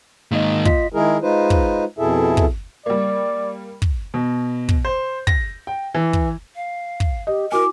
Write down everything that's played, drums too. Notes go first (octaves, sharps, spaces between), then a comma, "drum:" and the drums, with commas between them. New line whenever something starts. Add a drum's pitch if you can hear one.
G#2 D#3 A#3 D#5
F4 D#5 B6, drum: kick
D#3 G#3 E4 G#4 A#4
G#3 D#4 F4 B4 C5
drum: kick
F2 B2 E4 G#4 A4 E5
drum: kick
G3 A#3 D5
drum: kick
B2
drum: kick
C5
A#6, drum: kick
G5
E3
drum: kick
F5
drum: kick
G4 D#5
E4 F#4 A#4 G#5 D6